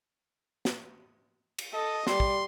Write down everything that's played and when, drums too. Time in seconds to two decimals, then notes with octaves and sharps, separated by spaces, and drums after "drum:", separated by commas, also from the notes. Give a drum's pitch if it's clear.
0.65 drum: snare
1.59 drum: cymbal
1.74 A4 D#5
2.07 G3 C6, drum: snare
2.20 drum: kick